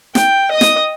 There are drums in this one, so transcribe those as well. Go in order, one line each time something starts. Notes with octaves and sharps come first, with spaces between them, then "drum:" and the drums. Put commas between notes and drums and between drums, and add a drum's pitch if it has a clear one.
G5, drum: snare
D#5 D#6
drum: snare